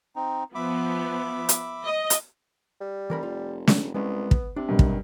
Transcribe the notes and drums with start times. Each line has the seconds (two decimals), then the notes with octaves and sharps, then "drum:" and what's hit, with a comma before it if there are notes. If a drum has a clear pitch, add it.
0.16 C4 D#4
0.55 F3 B3 E5 B5 D6
1.49 drum: hi-hat
1.84 D#5
2.10 drum: hi-hat
2.81 G3
3.10 F1 E3 A#4 B5
3.23 F4
3.67 drum: snare
3.94 C2 G#3 B3 C#4
4.31 drum: kick
4.56 C3 D4
4.69 B1 G2 D#3
4.79 drum: kick